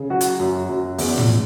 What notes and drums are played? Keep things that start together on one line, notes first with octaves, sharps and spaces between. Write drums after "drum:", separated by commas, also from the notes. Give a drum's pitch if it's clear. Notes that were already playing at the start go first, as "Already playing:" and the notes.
Already playing: C#3
F#3 F#4
drum: hi-hat
F#2
F#2
E2, drum: open hi-hat
drum: tom